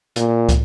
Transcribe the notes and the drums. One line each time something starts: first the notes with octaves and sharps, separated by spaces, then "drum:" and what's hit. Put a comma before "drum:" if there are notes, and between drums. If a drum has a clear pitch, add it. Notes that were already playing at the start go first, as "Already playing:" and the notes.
A#2, drum: hi-hat
drum: kick, hi-hat